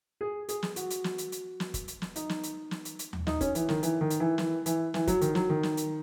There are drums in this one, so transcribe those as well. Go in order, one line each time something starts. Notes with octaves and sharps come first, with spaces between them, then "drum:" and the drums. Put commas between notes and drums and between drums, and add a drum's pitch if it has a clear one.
G#4
G#4, drum: hi-hat
drum: snare
F#4, drum: hi-hat
drum: hi-hat
drum: snare
drum: hi-hat
drum: hi-hat
drum: snare
drum: kick F#1, hi-hat
drum: hi-hat
drum: snare
D#4, drum: hi-hat
drum: snare
drum: hi-hat
drum: snare
drum: hi-hat
drum: hi-hat
drum: tom D#2
D#4, drum: snare
C#4, drum: kick F#1, hi-hat
E3, drum: hi-hat
D#3, drum: snare
E3, drum: hi-hat
D#3
drum: hi-hat
E3
E3, drum: snare
E3, drum: hi-hat
E3, drum: snare
F#3, drum: kick F#1, hi-hat
D#3, drum: hi-hat
F#3, drum: snare
D#3
drum: snare
drum: hi-hat